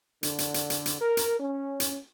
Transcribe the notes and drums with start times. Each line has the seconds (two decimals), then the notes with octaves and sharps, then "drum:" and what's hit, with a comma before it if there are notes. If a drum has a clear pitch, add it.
0.23 D3, drum: hi-hat
0.38 drum: hi-hat
0.54 drum: hi-hat
0.70 drum: hi-hat
0.86 drum: hi-hat
1.01 A#4
1.17 drum: hi-hat
1.40 C#4
1.80 drum: hi-hat